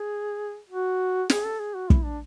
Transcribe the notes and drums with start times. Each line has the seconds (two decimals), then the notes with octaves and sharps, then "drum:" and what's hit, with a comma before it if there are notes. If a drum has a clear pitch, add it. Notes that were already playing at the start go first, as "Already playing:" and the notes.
Already playing: G#4
0.69 F#4
1.30 G#4, drum: snare
1.44 A4
1.59 G#4
1.75 F#4
1.90 E4, drum: kick
2.05 D4